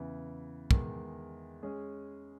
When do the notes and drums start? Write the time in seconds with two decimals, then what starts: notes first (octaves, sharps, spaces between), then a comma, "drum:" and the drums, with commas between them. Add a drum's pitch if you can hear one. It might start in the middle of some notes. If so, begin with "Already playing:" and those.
Already playing: E2 C#3 E3
0.71 E2 D#3 G#3, drum: kick
1.63 G#3 C#4 G#4